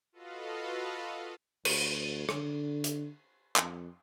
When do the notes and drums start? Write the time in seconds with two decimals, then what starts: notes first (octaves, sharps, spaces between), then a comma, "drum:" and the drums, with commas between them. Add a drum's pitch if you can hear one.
0.12 F4 F#4 A4 B4 D#5 F5
1.65 D2, drum: cymbal
2.29 D3, drum: rim click
2.84 drum: hi-hat
3.56 F2, drum: clap